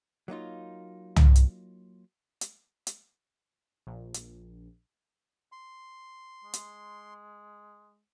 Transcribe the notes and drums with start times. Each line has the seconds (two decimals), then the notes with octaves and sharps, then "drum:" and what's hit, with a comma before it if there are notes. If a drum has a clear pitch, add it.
0.28 F#3 A#3 D#4 F4
1.16 drum: tom
1.36 drum: hi-hat
2.41 drum: hi-hat
2.87 drum: hi-hat
3.87 A#1
4.14 drum: hi-hat
5.52 C6
6.44 G#3
6.54 drum: hi-hat